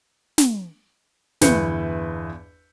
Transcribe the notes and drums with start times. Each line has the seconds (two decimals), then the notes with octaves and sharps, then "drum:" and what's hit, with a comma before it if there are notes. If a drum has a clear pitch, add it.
0.38 drum: snare
1.41 G1 E2 E4 B4 G6 C#7, drum: snare